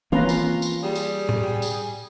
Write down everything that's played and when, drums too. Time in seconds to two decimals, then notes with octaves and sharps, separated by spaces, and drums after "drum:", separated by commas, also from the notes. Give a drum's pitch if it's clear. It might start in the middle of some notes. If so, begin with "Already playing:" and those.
0.12 E3 A#3 C4 C#4 F4 B4 A#5
0.29 drum: tambourine
0.62 drum: tambourine
0.83 G3 G#4
0.95 drum: tambourine
1.29 drum: tom A2
1.62 drum: tambourine